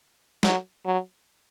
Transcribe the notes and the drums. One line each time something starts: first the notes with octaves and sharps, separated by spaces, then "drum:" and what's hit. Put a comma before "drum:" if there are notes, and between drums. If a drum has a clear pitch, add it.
F#3, drum: snare
F#3